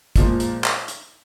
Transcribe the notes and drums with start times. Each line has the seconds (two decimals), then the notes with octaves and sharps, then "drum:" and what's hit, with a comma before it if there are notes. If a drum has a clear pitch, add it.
0.16 A#2 F3 G#3, drum: kick, hi-hat
0.40 drum: hi-hat
0.64 drum: clap
0.88 drum: hi-hat